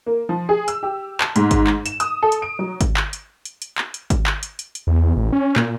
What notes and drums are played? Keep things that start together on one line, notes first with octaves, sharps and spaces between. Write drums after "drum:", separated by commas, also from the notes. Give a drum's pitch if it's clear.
A#3
F3
G#4
E6, drum: hi-hat
G4
A5, drum: clap
G#2, drum: hi-hat
drum: kick G#1, hi-hat
drum: clap
E7, drum: hi-hat
D#6, drum: hi-hat
A4
drum: hi-hat
D7
F#3
drum: kick G#1, hi-hat
drum: clap
drum: hi-hat
drum: hi-hat
drum: hi-hat
drum: clap
drum: hi-hat
drum: kick G#1, hi-hat
drum: clap
drum: hi-hat
drum: hi-hat
drum: hi-hat
E2
A1
C#4
A#2, drum: clap